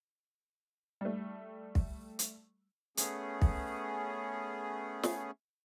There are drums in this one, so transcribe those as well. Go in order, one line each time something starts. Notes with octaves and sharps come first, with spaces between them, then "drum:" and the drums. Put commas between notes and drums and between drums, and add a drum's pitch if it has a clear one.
G3 A3
drum: kick
drum: hi-hat
A3 B3 C#4 G#4, drum: hi-hat
drum: kick
drum: snare